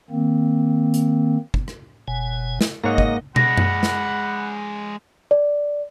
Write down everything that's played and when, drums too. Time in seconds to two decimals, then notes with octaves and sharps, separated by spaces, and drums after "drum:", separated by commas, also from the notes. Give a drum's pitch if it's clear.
0.11 D#3 A#3 C4
0.94 drum: hi-hat
1.54 drum: kick
1.68 drum: rim click
2.08 F#1 B2 G#5
2.61 drum: snare
2.84 G#2 A#3 C#5 D#5 F#5 A#5
2.98 drum: kick
3.36 G#3 D5 F#5 B5 A#6, drum: tom
3.57 drum: tom F#2
3.83 drum: snare
5.31 D5